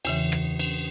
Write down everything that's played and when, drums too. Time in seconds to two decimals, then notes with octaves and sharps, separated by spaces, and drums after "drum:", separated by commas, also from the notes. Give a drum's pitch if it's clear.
0.05 E2 C#3 E3, drum: cymbal
0.32 drum: rim click
0.59 drum: cymbal